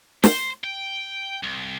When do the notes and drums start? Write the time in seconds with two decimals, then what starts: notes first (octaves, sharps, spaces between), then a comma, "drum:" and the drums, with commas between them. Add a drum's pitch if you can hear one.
0.24 C5, drum: snare
0.64 G5
1.43 C2